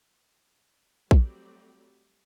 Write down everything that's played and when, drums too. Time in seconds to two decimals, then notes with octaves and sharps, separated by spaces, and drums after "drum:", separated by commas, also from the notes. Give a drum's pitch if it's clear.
1.11 F#3 G3 A3 C4 G4 D5, drum: kick A#1